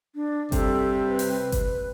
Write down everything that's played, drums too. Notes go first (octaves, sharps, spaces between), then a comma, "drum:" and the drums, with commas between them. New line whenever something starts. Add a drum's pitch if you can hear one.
D4
C3 G3 A4, drum: kick G1, hi-hat
B4
drum: open hi-hat
drum: kick G1, hi-hat